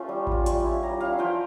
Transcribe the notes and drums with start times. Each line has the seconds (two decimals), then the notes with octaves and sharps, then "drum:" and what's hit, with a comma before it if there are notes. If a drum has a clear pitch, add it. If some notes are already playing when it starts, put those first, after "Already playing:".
Already playing: A3 C#4 F4
0.09 G3
0.27 C#4 F4, drum: kick A1
0.46 G3, drum: hi-hat
0.64 C#4 E4
0.83 G3 A#5
1.00 C#4 E4 F5
1.19 F3 G5